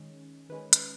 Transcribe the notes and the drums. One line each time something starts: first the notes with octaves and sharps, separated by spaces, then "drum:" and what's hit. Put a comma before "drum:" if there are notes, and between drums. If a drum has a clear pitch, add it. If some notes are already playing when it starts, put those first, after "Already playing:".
Already playing: D#3 G#3 C#4 G#4
D#3 G#3 C#4 B4
drum: hi-hat